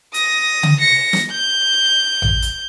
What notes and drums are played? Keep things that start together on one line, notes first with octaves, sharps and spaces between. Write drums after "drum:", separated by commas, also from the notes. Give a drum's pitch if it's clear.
D#6 A#6, drum: hi-hat
drum: tom C#3
A#6 C#7
drum: snare
G6
drum: tom A1
drum: hi-hat